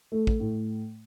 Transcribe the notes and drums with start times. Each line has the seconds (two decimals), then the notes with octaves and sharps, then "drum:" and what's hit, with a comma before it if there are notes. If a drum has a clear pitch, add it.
0.12 A3
0.27 drum: kick
0.40 A2